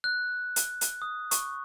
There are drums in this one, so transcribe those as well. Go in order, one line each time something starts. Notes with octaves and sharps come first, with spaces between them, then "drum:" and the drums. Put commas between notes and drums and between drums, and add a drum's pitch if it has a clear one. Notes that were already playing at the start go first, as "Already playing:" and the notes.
F#6
drum: hi-hat
drum: hi-hat
D#6
C#6, drum: hi-hat